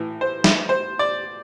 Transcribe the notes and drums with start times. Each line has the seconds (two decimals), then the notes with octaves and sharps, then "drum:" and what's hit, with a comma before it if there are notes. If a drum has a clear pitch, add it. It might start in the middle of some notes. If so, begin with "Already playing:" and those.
Already playing: A2 E3
0.21 C5
0.44 drum: snare
0.69 C5
0.99 D5